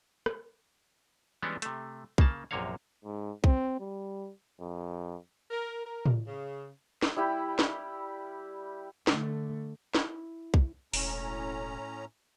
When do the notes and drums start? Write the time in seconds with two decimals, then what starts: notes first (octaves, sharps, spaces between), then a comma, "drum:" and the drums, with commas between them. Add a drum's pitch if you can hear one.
0.26 drum: rim click
1.42 E3 G3 G#3 B3 C#4 D4
1.62 C3 A3, drum: hi-hat
2.18 C#3 A#3 A5, drum: kick B1
2.51 A#1 F#2 C3 A#3 C#5 F5
3.04 G#2
3.44 C4, drum: kick B1
3.80 G3
4.60 F2
5.51 A#4
5.85 A#4
6.06 drum: tom A2
6.26 C#3
7.03 drum: snare
7.16 G3 E4 G4
7.59 drum: snare
9.07 D3 A3, drum: snare
9.95 E4, drum: snare
10.54 drum: kick B1
10.94 E1 A2 C#4 A#5, drum: open hi-hat